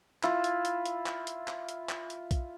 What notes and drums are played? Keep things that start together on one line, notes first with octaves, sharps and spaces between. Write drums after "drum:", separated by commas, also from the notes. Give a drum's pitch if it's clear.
E4 F4, drum: clap
drum: hi-hat
drum: hi-hat
drum: hi-hat
drum: clap
drum: hi-hat
drum: clap
drum: hi-hat
drum: clap
drum: hi-hat
drum: kick B1, hi-hat